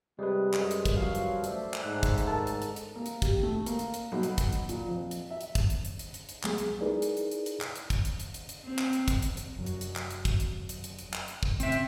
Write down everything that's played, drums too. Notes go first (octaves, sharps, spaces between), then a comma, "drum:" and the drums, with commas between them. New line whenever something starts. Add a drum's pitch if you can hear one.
C3 G3 G#3 B4
F#2 G#3, drum: clap
drum: hi-hat
drum: kick, hi-hat
F3 F#3 F5
drum: hi-hat
A3 C5 D5 E5, drum: hi-hat
drum: clap
G#2 F#6
drum: kick, hi-hat
drum: hi-hat
A4 A#4 A5
drum: hi-hat
drum: hi-hat
drum: hi-hat
A#3
drum: hi-hat
G4, drum: kick, hi-hat
A3
A#3, drum: hi-hat
drum: hi-hat
drum: hi-hat
B1
drum: hi-hat
drum: kick, hi-hat
drum: hi-hat
A#2, drum: hi-hat
F2
drum: hi-hat
E5
drum: hi-hat
drum: kick, hi-hat
drum: hi-hat
drum: hi-hat
drum: hi-hat
drum: hi-hat
drum: hi-hat
C2 F#3 G#3 A3 B3 G#4, drum: clap
drum: hi-hat
D#4 E4 G#4 A#4 B4 D5
drum: hi-hat
drum: hi-hat
drum: hi-hat
drum: hi-hat
drum: clap
drum: hi-hat
drum: kick, hi-hat
drum: hi-hat
drum: hi-hat
drum: hi-hat
drum: hi-hat
C4
drum: clap
drum: hi-hat
drum: kick, hi-hat
drum: hi-hat
drum: hi-hat
F1 F#2 F#3
drum: hi-hat
drum: hi-hat
drum: clap
drum: hi-hat
drum: kick, hi-hat
drum: hi-hat
drum: hi-hat
drum: hi-hat
drum: hi-hat
drum: clap
drum: hi-hat
drum: kick
A2 C#3 C4 E5, drum: hi-hat
drum: hi-hat